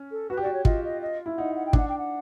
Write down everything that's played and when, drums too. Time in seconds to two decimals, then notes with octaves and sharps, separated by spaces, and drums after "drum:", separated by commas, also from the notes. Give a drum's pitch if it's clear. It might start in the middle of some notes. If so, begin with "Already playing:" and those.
Already playing: C#4
0.11 A4
0.30 F#4 B4
0.37 G4
0.42 F#4 D5
0.53 C#5
0.65 F4 D#5, drum: kick
0.84 D#5
1.02 D#5
1.26 E4
1.37 D#4 F#5
1.55 F#5
1.66 G5
1.73 D4 F#5, drum: kick
1.89 G5
1.98 F#5